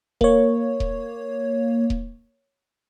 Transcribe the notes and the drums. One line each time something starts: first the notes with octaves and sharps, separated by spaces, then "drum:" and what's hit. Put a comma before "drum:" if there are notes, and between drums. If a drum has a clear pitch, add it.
A#3 C#5, drum: kick D#1
drum: kick D#1
drum: kick D#1